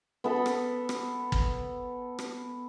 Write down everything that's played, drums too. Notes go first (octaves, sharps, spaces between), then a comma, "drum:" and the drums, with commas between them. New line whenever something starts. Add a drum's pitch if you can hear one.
B3 A4 B5
drum: rim click
drum: rim click
drum: kick
drum: rim click